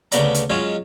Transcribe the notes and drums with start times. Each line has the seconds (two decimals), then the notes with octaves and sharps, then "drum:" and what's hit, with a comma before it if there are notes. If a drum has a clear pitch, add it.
0.12 D2 C#3 B3 B4 D5 A#5, drum: hi-hat
0.34 drum: hi-hat
0.50 F#3 G#3 C#4 F4 F5